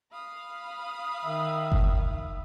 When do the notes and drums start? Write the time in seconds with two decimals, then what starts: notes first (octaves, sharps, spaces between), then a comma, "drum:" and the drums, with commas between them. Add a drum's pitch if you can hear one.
0.12 F5 B5 D#6
1.25 D#3 E5
1.72 drum: kick F#1